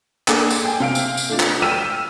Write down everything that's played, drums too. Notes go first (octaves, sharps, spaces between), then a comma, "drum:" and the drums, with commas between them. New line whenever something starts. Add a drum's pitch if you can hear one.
A#3 D4 G#4 A4, drum: clap
drum: tambourine
G5 G#5
C3 F5 D7
drum: tambourine
drum: tambourine
A3 D4 F4
drum: clap
G5 E6 F6 B6 D#7 E7
F6